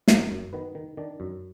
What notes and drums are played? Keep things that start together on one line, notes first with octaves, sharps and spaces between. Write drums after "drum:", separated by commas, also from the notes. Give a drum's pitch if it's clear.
F#2 A#3 A#4, drum: snare
F#2
D#3 B3 B4
D#3
D#3 D4 D5
F#2